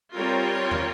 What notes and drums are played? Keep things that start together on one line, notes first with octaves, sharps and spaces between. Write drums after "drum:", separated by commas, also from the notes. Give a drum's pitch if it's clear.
G3 C4 F4 A#4 C#5
drum: tom